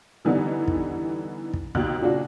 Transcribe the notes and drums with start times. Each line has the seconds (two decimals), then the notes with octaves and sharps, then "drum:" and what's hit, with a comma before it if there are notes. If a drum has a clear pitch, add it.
0.25 D3 E3 G3 B3 D#4
0.68 drum: kick
1.54 drum: kick
1.75 D#2 B2 D#4 F#6, drum: kick
2.01 A#2 C#3 D4 F4 F#4